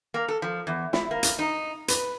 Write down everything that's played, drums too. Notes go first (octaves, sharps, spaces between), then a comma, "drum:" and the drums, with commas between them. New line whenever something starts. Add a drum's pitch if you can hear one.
A#3
A4
F3
E2
E4, drum: snare
A#3
drum: hi-hat
D#4
B4, drum: hi-hat